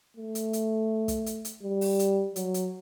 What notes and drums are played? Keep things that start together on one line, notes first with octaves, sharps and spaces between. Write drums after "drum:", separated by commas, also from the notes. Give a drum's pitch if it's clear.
A3
drum: hi-hat
drum: hi-hat
drum: kick, hi-hat
drum: hi-hat
drum: hi-hat
G3
drum: open hi-hat
drum: hi-hat
F#3, drum: hi-hat
drum: hi-hat